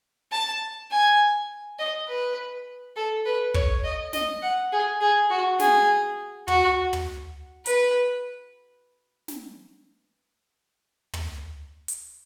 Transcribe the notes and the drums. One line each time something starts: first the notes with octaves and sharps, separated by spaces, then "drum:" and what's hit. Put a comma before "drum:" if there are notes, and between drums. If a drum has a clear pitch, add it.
A5
G#5
D#5
B4
A4
B4
C#5, drum: kick
D#5
D#5, drum: snare
F#5
G#4
G#4
F#4
G#4, drum: snare
F#4, drum: tom
drum: tom
B4, drum: hi-hat
drum: snare
drum: tom
drum: hi-hat